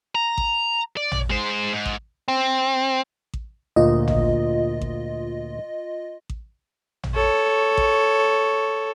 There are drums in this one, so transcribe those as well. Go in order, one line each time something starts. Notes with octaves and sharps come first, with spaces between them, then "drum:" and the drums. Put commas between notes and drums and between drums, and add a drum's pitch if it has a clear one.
A#5
drum: kick A1
D5
drum: tom
G#3 C5
G#2
drum: kick A1
C4
drum: kick A1
D2 A#2 F4 D#5
drum: tom
drum: kick A1
drum: kick A1
drum: tom
A4 C#5
drum: kick A1